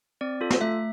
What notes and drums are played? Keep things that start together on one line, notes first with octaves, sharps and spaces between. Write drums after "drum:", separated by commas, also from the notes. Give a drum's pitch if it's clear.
C4 D5
F4 A4
drum: snare
A3 E5